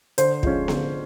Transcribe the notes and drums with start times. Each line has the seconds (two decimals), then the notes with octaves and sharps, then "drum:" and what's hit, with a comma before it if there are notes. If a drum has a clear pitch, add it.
0.18 D3 C5, drum: hi-hat
0.43 F3 G#3 C#4, drum: kick
0.68 D3, drum: snare B3